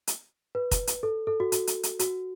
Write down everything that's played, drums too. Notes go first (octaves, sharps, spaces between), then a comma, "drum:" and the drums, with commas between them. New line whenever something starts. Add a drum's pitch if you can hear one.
drum: hi-hat
B4
drum: kick, hi-hat
drum: hi-hat
A4
A4
F#4
F#4, drum: hi-hat
drum: hi-hat
drum: hi-hat
F#4, drum: hi-hat